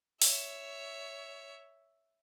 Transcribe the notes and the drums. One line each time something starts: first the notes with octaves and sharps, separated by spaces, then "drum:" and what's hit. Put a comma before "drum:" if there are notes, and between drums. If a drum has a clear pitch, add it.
C#5 E5, drum: open hi-hat